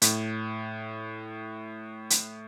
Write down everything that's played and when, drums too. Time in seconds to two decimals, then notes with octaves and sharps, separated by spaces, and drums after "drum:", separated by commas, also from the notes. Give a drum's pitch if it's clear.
0.02 A2, drum: hi-hat
2.10 drum: hi-hat